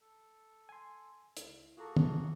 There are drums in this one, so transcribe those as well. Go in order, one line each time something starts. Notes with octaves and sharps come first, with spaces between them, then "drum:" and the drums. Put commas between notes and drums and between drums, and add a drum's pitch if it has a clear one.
A4
G#5 C6
C#2 E4, drum: hi-hat
A#3 F4 F#4 G#4 A4 A#5
drum: tom